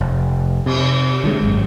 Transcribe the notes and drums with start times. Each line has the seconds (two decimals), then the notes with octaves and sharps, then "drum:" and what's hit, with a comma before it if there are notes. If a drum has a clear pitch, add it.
0.01 F1
0.66 C3, drum: cymbal
1.24 D3 E3 G#3
1.42 G#1 F#2